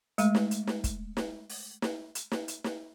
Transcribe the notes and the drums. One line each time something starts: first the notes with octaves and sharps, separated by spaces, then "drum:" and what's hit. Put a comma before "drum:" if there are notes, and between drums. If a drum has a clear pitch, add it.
G#3 A3, drum: hi-hat
drum: snare
drum: hi-hat
drum: snare
drum: kick, hi-hat
drum: snare
drum: open hi-hat
drum: snare
drum: hi-hat
drum: snare
drum: hi-hat
drum: snare